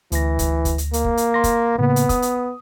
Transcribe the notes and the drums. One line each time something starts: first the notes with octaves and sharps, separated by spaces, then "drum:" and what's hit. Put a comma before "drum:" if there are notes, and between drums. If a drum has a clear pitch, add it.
D2 E3 A#6, drum: hi-hat
drum: kick, hi-hat
drum: kick, hi-hat
drum: hi-hat
A#3, drum: hi-hat
drum: kick
drum: hi-hat
C6 A#6
drum: kick, hi-hat
A2 C#3 A#3 B3
drum: hi-hat
D#6, drum: kick, hi-hat
drum: hi-hat